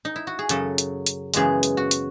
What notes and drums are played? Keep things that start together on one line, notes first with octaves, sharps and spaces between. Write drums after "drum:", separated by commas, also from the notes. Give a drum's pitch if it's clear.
D#4
E4
F#4
G#4
F#2 C#3 F#3 A4, drum: hi-hat
drum: hi-hat
drum: hi-hat
F#2 C#3 E3 G#3 B3 G#4, drum: hi-hat
drum: hi-hat
F#4
drum: hi-hat